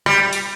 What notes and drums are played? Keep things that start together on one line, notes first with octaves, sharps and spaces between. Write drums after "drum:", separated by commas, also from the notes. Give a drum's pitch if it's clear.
G3, drum: rim click
drum: hi-hat